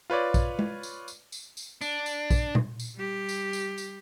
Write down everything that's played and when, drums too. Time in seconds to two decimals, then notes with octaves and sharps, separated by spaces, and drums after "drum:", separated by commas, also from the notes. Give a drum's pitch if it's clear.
0.10 F4 B4 C#5 D5
0.34 drum: kick A#1, tambourine
0.59 drum: tom G#3
0.83 drum: tambourine
1.08 drum: tambourine
1.32 drum: tambourine
1.57 drum: tambourine
1.81 D4, drum: tambourine
2.06 drum: tambourine
2.30 drum: kick A#1, tambourine
2.55 drum: tom A#2
2.80 drum: tambourine
2.96 G3 G4
3.29 drum: tambourine
3.53 drum: tambourine
3.78 drum: tambourine